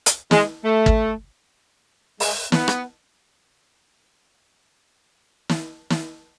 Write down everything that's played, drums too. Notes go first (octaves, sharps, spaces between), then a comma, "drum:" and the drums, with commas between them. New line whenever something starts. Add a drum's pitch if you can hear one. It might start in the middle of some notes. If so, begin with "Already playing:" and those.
drum: hi-hat
G#3, drum: snare
A3
drum: kick
G#3, drum: open hi-hat
B3, drum: snare
drum: rim click
drum: snare
drum: snare